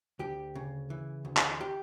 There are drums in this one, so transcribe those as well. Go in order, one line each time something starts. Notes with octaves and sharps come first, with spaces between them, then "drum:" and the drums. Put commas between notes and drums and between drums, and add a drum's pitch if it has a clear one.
D2 G4
C#3
E3
D2
drum: clap
G4